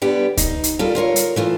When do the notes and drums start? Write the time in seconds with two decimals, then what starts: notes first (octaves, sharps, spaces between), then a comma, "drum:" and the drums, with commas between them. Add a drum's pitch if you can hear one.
0.02 D3 G3 B3 G4
0.37 D#4, drum: kick C#2, hi-hat
0.64 drum: hi-hat
0.79 G3 F4 A4 A#4
0.95 F4 A#4 C5 C#5
1.16 drum: hi-hat
1.36 E3 A3 F4